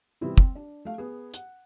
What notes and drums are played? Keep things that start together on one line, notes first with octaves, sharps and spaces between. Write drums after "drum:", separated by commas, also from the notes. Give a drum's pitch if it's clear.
C3 E3 G3 B3 C4 E4
C4, drum: kick
D4
A3 F5
B3 G#4
F#5, drum: hi-hat